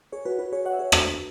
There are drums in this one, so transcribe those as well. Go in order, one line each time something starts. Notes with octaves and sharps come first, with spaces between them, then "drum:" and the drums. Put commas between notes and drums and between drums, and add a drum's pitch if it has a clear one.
G#4 C#5
F#4 B4
F#4 B4
G#4 C#5
C#5 F#5
E5
G#4 C#5
F#4 B4, drum: rim click